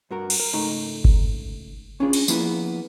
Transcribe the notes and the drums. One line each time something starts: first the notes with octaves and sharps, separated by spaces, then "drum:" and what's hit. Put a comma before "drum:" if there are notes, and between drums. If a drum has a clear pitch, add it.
G2 F#4 A#4
drum: cymbal
A#4
C#2 G#2 A3 D#4 A#5
drum: kick G1
C#4 D4 F4 G#4
drum: cymbal
F3 A#3 B3 E4 G#4, drum: tambourine